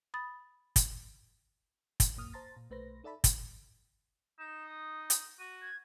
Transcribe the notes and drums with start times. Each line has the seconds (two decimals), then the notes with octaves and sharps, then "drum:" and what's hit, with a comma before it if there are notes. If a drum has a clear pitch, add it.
0.14 B5 D#6 A6
0.76 drum: kick, hi-hat
2.00 drum: kick, hi-hat
2.16 A#1 F#2 A#3 D#6 F6
2.33 C5 A5 A#5 C6 A6 A#6
2.57 A#2
2.70 B1 A3 B4 C5 A#6
3.04 D#4 A4 D5 E5 A5 B5
3.24 drum: kick, hi-hat
4.39 D#4 E7
4.66 D#6
5.10 drum: hi-hat
5.39 F#4 D#7
5.61 G#6